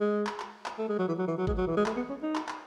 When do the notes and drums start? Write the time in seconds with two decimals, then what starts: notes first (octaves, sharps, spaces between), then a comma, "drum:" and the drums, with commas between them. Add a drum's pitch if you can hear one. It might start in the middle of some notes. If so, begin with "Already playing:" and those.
0.01 G#3
0.27 drum: clap
0.40 drum: clap
0.66 drum: clap
0.79 A3
0.89 G#3
0.99 F#3
1.08 E3
1.18 F#3
1.28 E3
1.38 F#3
1.47 G#3, drum: kick G#1
1.58 F#3
1.67 E3
1.77 G#3
1.86 A3, drum: clap
1.96 B3
2.09 C#4
2.22 D#4
2.36 drum: clap
2.49 drum: clap